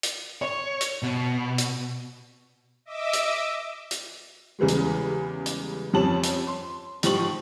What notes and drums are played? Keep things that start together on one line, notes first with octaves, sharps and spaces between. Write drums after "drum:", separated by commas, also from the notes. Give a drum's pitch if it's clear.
drum: hi-hat
C#5
drum: hi-hat
B2
drum: hi-hat
D#5 E5 D6 E6
drum: hi-hat
drum: hi-hat
E2 C#3 E3 G3 G#3
drum: hi-hat
drum: hi-hat
F2 F3 G3 C#4 A5 F#7
drum: hi-hat
C6
G#2 F3 G4 C#6 F#7, drum: hi-hat